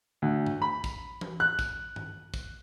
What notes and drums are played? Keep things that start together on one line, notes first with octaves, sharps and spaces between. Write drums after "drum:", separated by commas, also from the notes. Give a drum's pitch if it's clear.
D2
drum: tom G2
B5
drum: kick, tambourine
drum: tom E3
F#6
drum: kick, tambourine
drum: tom G2
drum: kick, tambourine